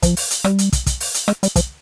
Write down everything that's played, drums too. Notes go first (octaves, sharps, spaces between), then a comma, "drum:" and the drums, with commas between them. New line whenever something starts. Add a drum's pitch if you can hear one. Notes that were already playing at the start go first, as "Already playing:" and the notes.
F3, drum: kick, hi-hat
drum: open hi-hat
drum: hi-hat
G3, drum: rim click
drum: hi-hat
drum: kick, hi-hat
drum: kick, hi-hat
drum: open hi-hat
drum: hi-hat
G#3, drum: rim click
G3, drum: hi-hat
F3, drum: kick, hi-hat